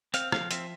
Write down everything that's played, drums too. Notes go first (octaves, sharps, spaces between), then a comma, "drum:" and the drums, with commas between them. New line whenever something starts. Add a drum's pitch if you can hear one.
C4 F5, drum: hi-hat
F3 F5, drum: rim click
C4 E5, drum: hi-hat